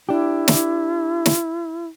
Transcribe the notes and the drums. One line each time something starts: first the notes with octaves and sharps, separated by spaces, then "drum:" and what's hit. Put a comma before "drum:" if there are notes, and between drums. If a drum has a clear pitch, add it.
D4 E4 G4
drum: snare
drum: snare